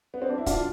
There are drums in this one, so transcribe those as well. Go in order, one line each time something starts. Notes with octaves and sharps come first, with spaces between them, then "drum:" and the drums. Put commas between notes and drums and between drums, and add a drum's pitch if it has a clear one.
B3
C4
D4
E4
B2 D4 F4, drum: kick, hi-hat